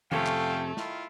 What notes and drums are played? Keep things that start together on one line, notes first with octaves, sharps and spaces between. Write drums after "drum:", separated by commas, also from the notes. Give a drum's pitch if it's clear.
F2 C3 A3 C#4 A4 F5 G5, drum: tom D#3
drum: clap
D#3 E4 F4, drum: snare